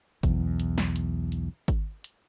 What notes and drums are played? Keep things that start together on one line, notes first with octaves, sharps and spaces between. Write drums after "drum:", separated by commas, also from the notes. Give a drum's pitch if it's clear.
B1 E2, drum: kick G#1, hi-hat
drum: hi-hat
drum: snare
drum: hi-hat
drum: hi-hat
drum: kick G#1, hi-hat
drum: hi-hat